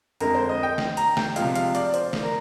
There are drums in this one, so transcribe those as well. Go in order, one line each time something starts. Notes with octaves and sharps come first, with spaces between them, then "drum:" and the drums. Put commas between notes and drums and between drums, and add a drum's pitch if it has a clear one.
F2 D3 G#3 A#4, drum: hi-hat
C5
D#5
G5
drum: snare
A#5, drum: hi-hat
G5, drum: snare
C3 F3 G#3 F5, drum: hi-hat
F5, drum: hi-hat
D5, drum: hi-hat
C5, drum: hi-hat
drum: snare
A#4